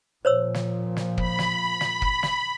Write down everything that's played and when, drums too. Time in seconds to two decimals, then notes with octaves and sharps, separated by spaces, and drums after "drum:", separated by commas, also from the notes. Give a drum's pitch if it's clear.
0.25 A#2 F3 C5 C#5 E6
0.54 drum: snare
0.97 drum: snare
1.18 B5, drum: kick
1.39 drum: snare
1.81 drum: snare
2.02 drum: kick
2.23 drum: snare